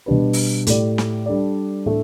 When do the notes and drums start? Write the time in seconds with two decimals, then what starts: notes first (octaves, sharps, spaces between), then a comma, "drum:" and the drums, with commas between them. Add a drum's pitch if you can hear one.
0.06 B2 G3 D4 G4 B4
0.33 drum: open hi-hat
0.67 A2 A3 G4 D5, drum: hi-hat
0.98 drum: snare
1.26 G3 D4 A4 D5
1.86 A2 A3 D4 A4